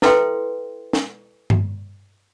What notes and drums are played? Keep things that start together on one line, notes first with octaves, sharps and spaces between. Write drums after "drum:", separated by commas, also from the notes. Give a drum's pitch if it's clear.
E4 A4 B4 E5 G5 C6, drum: snare
drum: snare
drum: tom G2